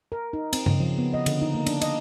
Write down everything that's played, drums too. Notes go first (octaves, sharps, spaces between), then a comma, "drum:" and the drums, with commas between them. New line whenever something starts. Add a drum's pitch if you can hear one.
A#4
D#4
C4, drum: cymbal
C#3, drum: tom G2
F3
B3
D#5
D3, drum: cymbal
D#4
A#3
D4, drum: cymbal
D#5, drum: cymbal